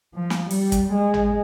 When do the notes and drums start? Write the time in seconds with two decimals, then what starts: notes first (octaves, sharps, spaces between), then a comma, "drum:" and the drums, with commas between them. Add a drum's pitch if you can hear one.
0.16 F3
0.30 drum: snare
0.51 G3, drum: open hi-hat
0.72 drum: kick, hi-hat
0.93 G#3
1.14 drum: tom